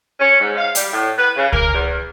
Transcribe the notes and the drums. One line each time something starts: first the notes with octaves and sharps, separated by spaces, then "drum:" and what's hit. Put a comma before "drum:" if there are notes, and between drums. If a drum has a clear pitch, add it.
C#4
G#2
F5
G3, drum: hi-hat
A2
B4
C#3
A#4, drum: kick C#2
E2